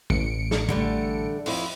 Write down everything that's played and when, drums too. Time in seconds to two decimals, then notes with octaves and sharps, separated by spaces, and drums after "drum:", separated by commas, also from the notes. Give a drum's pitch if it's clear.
0.10 A1 C#7 D7, drum: kick
0.51 drum: snare
0.69 D3 G3 A3, drum: kick
1.46 F2 E4, drum: open hi-hat